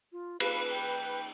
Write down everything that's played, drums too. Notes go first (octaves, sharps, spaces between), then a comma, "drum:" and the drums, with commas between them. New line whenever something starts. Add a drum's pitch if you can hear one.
F4
B4 F5, drum: cymbal
G5